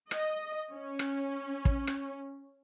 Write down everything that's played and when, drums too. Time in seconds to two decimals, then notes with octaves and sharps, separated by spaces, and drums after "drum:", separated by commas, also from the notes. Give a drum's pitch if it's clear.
0.11 D#5, drum: rim click
0.72 C#4
0.99 drum: rim click
1.65 drum: kick
1.87 drum: rim click